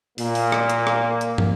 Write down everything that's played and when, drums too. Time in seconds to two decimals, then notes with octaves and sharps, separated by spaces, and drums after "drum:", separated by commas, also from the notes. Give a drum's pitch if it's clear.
0.18 A#2 A#3, drum: open hi-hat
0.35 drum: open hi-hat
0.52 drum: rim click
0.70 drum: hi-hat
0.87 drum: rim click
1.21 drum: hi-hat
1.38 drum: tom